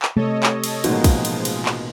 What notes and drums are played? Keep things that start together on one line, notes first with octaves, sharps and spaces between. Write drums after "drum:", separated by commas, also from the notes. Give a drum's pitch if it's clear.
drum: clap
C3 A3 A4 C#5 D#5
drum: clap
drum: cymbal
A1 B2 F3 G#3 A#3 D#4 F#4, drum: cymbal
drum: kick, cymbal
drum: cymbal
drum: cymbal
drum: clap